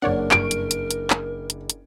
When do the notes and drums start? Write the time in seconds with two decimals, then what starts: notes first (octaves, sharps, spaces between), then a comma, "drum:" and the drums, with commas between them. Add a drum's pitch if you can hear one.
0.02 F#1 D4 A#4 C#5 D5 F#5
0.31 G2 C#6 D7, drum: clap
0.51 drum: hi-hat
0.71 drum: hi-hat
0.91 drum: hi-hat
1.10 drum: clap
1.50 drum: hi-hat
1.70 drum: hi-hat